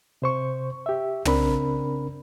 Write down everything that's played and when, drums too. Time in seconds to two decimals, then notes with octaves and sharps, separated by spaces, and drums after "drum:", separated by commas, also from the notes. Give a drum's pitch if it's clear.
0.22 C3 C5 C#6
0.86 G4 E5
1.25 C#3 C4 D4 A#4 B5, drum: tom